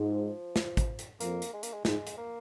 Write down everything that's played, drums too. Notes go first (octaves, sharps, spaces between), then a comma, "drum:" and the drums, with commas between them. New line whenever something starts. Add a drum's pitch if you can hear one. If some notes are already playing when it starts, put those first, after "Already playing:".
Already playing: G#2 F3
drum: snare
drum: kick, hi-hat
drum: hi-hat
F2 A#3, drum: hi-hat
drum: hi-hat
G#3
A#3, drum: hi-hat
G#3
G#2 G#3, drum: snare
drum: hi-hat
A#3